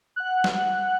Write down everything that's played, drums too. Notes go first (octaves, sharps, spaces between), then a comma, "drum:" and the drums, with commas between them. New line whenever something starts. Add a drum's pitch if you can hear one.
F#5 F#6
drum: snare